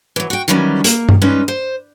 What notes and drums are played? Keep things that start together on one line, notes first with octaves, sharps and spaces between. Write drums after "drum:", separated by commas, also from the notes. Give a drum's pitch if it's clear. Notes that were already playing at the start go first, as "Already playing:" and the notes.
E3 F#3
F#4 G5
D#3 E3 F#3 G3 C4 C#4
A#3, drum: hi-hat
drum: tom G2
G3 G#3 C#4 D#4 B4
C5